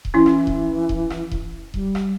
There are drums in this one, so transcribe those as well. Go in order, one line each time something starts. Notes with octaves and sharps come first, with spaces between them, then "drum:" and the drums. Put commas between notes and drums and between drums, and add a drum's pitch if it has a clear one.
drum: kick D#1
E3 C#4 E4
drum: rim click
drum: kick D#1
drum: kick D#1
drum: rim click
drum: kick D#1
G3, drum: kick D#1
drum: rim click